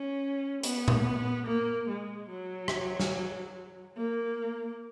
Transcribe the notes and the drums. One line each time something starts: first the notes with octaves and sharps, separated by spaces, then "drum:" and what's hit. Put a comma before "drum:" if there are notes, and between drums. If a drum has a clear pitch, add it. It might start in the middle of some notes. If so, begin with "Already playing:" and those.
Already playing: C#4
B3, drum: hi-hat
drum: tom A#2
A#3
G#3
F#3
drum: rim click
drum: snare
A#3